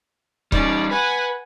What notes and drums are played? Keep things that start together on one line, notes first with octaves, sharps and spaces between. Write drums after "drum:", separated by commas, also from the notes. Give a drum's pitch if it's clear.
G3 C#4 D#4 D5, drum: kick C#1
B4 F#5 G#5